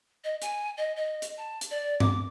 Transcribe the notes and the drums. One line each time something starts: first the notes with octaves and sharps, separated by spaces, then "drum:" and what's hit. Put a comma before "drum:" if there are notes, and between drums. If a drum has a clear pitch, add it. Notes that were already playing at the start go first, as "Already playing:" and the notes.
D#5
G#5, drum: hi-hat
D#5
D#5
drum: hi-hat
A5
drum: hi-hat
D5
D6, drum: tom G2